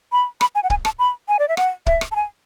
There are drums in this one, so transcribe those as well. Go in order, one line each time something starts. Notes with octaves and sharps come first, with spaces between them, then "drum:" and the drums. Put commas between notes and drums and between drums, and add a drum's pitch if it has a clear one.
B5
B5, drum: rim click
G#5
F#5
G#5, drum: kick
A5, drum: rim click
B5
G#5
D5
E5
F#5, drum: rim click
E5, drum: kick
drum: rim click
A5
G#5